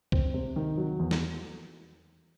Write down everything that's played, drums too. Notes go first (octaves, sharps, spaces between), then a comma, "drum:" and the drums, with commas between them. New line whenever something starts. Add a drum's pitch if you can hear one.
C4, drum: kick C2
C3
D#3
F#3
E2
drum: snare